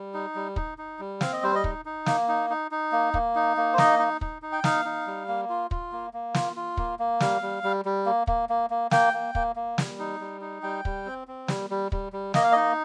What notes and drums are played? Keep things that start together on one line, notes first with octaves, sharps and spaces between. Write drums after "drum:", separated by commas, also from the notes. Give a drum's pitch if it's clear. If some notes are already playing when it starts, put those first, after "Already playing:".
Already playing: G3
D#4
G3
D#4, drum: kick
D#4
G3
C4 F5, drum: snare
D#5
G3 C5
D#5
D#4, drum: kick
D#4
A#3, drum: snare
D#4
D#4
D#4
A#3
A#3, drum: kick
D#4
A#3
C5
D#4 D#5, drum: snare
D#4
D#4, drum: kick
D#4
G5
D#4 F5, drum: snare
D#4
G3
A#3
F4
F4, drum: kick
A#3
A#3
F4, drum: snare
F4
A#3, drum: kick
A#3
G3 F5, drum: snare
G3
G3
G3
A#3
A#3, drum: kick
A#3
A#3
A#3 G5, drum: snare
A#3
A#3, drum: kick
A#3
G3, drum: snare
D#4
G3
D#4
G3 G5
G3, drum: kick
C4
C4
G3, drum: snare
G3
G3, drum: kick
G3
A#3 D#5, drum: snare
F5
D#4 D#5